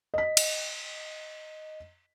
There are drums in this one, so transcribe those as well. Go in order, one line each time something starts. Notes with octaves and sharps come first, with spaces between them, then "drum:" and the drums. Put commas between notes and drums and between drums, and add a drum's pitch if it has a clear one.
D#5 B6
drum: cymbal